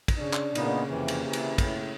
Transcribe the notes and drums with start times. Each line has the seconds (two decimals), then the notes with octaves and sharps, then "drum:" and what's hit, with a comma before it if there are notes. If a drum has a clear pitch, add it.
0.08 drum: kick, cymbal
0.18 C#3 D4
0.33 drum: clap
0.55 A#2 C#3 A#3 B3 D#4, drum: cymbal
0.88 F2 C3 E3
1.08 drum: cymbal
1.24 C3 E3
1.33 drum: cymbal
1.58 A2, drum: kick, cymbal